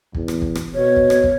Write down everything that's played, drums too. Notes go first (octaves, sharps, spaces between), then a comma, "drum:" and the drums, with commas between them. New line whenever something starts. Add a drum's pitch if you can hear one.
E2, drum: kick
drum: rim click
drum: kick
drum: rim click
B2 C#5
drum: kick
drum: rim click
drum: kick